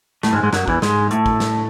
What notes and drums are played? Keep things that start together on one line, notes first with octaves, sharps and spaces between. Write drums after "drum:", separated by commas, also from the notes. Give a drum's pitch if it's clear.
A2 A3, drum: snare
G#2 G#3
G#2 G#3
F#2 F#3, drum: snare
E2 E3, drum: kick
G#2 G#3, drum: snare
A2 A3, drum: hi-hat
drum: kick
drum: snare